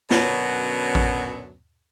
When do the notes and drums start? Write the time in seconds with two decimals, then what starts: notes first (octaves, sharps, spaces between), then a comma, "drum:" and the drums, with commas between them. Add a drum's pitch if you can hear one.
0.11 F#2 B2 D3 F#3 B3 C#4, drum: snare
0.95 drum: kick A1